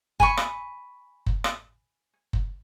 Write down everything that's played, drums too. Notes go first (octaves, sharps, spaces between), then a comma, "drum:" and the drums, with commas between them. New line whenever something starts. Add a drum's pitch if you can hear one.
G#5 B5 C#6, drum: kick F#1
drum: rim click
drum: kick F#1
drum: rim click
drum: kick F#1